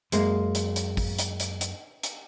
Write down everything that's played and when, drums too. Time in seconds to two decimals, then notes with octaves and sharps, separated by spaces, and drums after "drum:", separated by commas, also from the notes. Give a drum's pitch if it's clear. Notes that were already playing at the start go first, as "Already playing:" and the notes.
0.12 F#2 G#3 A#3, drum: hi-hat
0.55 drum: hi-hat
0.76 drum: hi-hat
0.97 drum: kick, open hi-hat
1.19 drum: hi-hat
1.40 drum: hi-hat
1.61 drum: hi-hat
2.03 drum: hi-hat